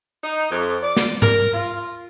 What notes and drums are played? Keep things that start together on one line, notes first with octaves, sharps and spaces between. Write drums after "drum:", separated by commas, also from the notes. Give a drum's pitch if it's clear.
D#4
F2
D5
drum: snare
A#4, drum: tom G#2
F4